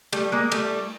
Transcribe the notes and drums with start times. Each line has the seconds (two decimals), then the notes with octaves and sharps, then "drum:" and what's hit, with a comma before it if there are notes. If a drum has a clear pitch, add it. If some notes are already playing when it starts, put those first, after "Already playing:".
0.13 G3 A3, drum: cymbal
0.32 G#3 A#3
0.52 G3 A3, drum: cymbal